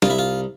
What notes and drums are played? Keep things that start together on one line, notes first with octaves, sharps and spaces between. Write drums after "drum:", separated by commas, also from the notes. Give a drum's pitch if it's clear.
C2 F4, drum: snare
E4
F4